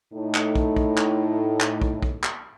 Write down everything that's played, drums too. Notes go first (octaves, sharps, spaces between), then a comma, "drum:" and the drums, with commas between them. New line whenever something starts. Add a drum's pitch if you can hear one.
A2 D#4
drum: clap
drum: kick
drum: kick
drum: clap
drum: clap
drum: kick
drum: kick
drum: clap